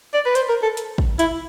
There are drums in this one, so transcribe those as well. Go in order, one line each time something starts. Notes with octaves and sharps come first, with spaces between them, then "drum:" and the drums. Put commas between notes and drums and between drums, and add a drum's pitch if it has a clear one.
D5
B4
C5, drum: hi-hat
A#4
A4
drum: hi-hat
drum: kick
E4, drum: hi-hat